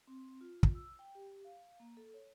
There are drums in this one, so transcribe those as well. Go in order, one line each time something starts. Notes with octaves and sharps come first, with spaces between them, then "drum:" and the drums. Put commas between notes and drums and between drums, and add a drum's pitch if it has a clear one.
C4
F4
drum: kick
E6
G5
G4
F5
A#3
A4
C#5